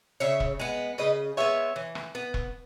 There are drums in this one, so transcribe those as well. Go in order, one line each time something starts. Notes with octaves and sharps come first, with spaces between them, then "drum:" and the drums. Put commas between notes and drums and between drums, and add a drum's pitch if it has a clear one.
C#3 C#5 E5
drum: kick E1
G#3 B3
C#3 B4 D#5
G#3 B3 C#5 E5
E3
drum: rim click
B3
drum: kick E1